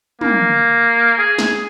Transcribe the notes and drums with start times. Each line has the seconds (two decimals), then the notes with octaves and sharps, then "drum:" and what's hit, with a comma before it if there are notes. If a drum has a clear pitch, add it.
0.21 A#3, drum: tom
1.18 G#4
1.39 drum: snare